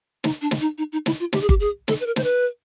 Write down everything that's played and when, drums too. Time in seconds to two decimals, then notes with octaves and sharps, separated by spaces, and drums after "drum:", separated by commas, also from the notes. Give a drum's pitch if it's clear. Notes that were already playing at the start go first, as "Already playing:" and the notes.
0.24 D#4, drum: snare
0.41 D4
0.51 drum: snare
0.61 D#4
0.78 D#4
0.92 D#4
1.06 E4, drum: snare
1.20 F4
1.33 G4, drum: snare
1.41 G#4
1.49 G4, drum: kick G1
1.60 G#4
1.88 A4, drum: snare
2.00 B4
2.06 A#4
2.16 C5, drum: snare
2.24 B4